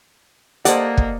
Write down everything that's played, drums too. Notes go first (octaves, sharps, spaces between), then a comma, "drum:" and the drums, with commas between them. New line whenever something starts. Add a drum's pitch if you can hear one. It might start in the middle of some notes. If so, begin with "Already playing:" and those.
A#3 G4 A4 C5 D5 D#5 F#5, drum: hi-hat
drum: kick